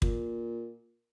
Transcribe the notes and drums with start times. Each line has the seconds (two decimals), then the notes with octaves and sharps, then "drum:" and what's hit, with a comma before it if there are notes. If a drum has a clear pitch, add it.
0.02 A#2, drum: kick